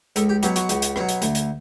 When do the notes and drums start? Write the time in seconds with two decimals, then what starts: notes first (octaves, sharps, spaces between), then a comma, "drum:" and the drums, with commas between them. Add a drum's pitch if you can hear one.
0.16 C#2 A4, drum: hi-hat
0.29 G4
0.43 B2 F#3 G4, drum: hi-hat
0.56 F#4, drum: hi-hat
0.69 C#2, drum: hi-hat
0.82 drum: hi-hat
0.96 B2 F#3, drum: rim click
1.09 drum: hi-hat
1.22 D2, drum: hi-hat
1.35 drum: hi-hat